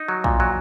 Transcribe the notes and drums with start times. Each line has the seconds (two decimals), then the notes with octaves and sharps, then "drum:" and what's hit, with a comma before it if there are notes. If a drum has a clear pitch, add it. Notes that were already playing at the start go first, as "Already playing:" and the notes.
Already playing: D#4
0.08 F#3
0.24 A#2, drum: kick A#1
0.40 F#3